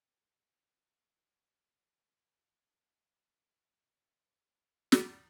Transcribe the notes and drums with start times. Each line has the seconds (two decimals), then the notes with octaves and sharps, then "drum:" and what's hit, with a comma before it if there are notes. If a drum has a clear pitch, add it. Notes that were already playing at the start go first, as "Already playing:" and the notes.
0.18 D3
0.62 C4
1.00 G#2
1.35 B3
1.69 E4
2.13 C3
4.07 E2 G#2 D#3 A3 D4 C5 B5
4.28 B4
4.92 drum: snare